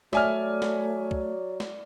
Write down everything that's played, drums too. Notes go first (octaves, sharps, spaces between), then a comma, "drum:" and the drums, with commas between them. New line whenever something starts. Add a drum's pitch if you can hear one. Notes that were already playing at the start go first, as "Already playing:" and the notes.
F#3 A3 D5 E5 G#5 F6, drum: snare
drum: snare
drum: kick
drum: snare